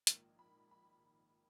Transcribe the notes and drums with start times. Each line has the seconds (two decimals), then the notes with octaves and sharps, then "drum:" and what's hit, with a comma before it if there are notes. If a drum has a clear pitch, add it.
0.07 A#1 G#2 D#3 A#3, drum: hi-hat
0.39 B5
0.71 B5